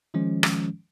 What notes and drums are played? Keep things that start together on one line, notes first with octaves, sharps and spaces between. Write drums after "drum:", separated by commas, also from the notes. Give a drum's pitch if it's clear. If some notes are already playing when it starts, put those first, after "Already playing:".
D#3 F3 G#3 C#4
drum: rim click